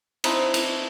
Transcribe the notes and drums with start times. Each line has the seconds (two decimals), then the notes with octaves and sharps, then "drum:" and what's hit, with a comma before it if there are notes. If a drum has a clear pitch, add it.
0.24 C4 D#4 E4 A5, drum: cymbal
0.54 drum: cymbal